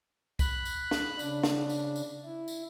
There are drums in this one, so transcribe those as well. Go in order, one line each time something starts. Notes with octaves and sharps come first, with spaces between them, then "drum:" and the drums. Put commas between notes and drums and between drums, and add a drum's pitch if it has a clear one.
B5 F#6, drum: kick, tambourine
drum: tambourine
drum: snare
C#3 D4, drum: tambourine
drum: snare
drum: tambourine
drum: tambourine
E4
drum: tambourine